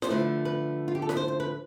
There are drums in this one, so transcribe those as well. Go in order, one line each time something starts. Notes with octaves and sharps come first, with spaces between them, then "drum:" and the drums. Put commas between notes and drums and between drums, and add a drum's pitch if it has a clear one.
C5, drum: snare E4
D3 F3 A3 B4
B4
F4
G4
A4
B4, drum: snare E4
C5
C5
B4